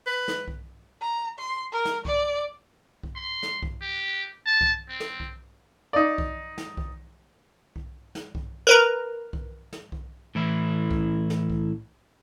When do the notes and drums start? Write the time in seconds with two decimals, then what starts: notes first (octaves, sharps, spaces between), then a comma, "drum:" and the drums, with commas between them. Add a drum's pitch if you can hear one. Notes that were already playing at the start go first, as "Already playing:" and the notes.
0.07 B4
0.28 drum: snare
0.48 drum: kick B1
1.01 A#5
1.38 C6
1.72 A#4
1.85 drum: snare
2.05 D5, drum: kick B1
3.03 drum: kick B1
3.16 C6
3.43 drum: snare
3.62 drum: kick B1
3.81 G4
4.46 A5
4.61 drum: kick B1
4.89 C4
5.00 drum: snare
5.20 drum: kick B1
5.93 D#4 D5
6.18 drum: kick B1
6.58 drum: snare
6.77 drum: kick B1
7.76 drum: kick B1
8.15 drum: snare
8.35 drum: kick B1
8.67 A#4 B4 A#5
9.33 drum: kick B1
9.73 drum: snare
9.92 drum: kick B1
10.35 A2 E3 E4
10.91 drum: kick B1
11.30 drum: snare
11.50 drum: kick B1